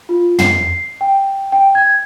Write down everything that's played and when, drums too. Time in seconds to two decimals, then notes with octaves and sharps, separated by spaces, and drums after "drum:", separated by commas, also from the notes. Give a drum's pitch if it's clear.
0.09 F4
0.39 C7, drum: tom
1.01 G5
1.52 G5
1.75 G#6